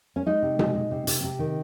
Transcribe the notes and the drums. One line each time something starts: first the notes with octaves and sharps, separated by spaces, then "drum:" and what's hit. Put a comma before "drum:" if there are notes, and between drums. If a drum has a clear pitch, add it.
C#4
G#3 D#4
C3
G#3, drum: tom B2
G#3
C3
C3, drum: hi-hat
C3
D#3